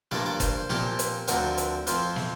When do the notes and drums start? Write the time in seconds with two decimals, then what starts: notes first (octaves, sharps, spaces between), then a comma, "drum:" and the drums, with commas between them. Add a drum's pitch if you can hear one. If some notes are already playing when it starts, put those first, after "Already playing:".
0.11 G2 F3 A#3 D5, drum: snare
0.26 D5
0.40 C5, drum: kick F#1, hi-hat
0.70 A#2 F3 C4 G4, drum: snare
0.99 drum: hi-hat
1.28 D2 D3 F3 C4 A#4, drum: hi-hat
1.58 drum: hi-hat
1.87 F2 F3 C4 C5, drum: hi-hat
2.16 drum: snare